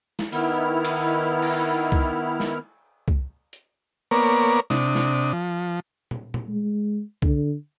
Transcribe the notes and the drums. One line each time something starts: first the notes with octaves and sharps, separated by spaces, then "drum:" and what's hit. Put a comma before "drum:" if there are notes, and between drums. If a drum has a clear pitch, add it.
drum: snare
D#3 B3 E4 F6, drum: open hi-hat
drum: cymbal
drum: cymbal
drum: kick C2
drum: snare
drum: kick C2
drum: hi-hat
A#3 B3 A#4 C#5 D5
C3 D4 D#6, drum: snare
drum: snare
F3
drum: tom A#2
drum: tom A#2
G#3
D3, drum: kick C2